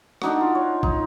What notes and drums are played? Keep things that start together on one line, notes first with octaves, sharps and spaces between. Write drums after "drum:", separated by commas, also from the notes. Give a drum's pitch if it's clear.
D4 D#4 F#4, drum: rim click
F4
C#5
D#4, drum: kick